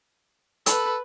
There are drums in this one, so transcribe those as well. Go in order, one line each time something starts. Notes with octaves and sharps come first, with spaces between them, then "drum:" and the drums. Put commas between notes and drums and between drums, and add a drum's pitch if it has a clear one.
A4 B4 B5, drum: hi-hat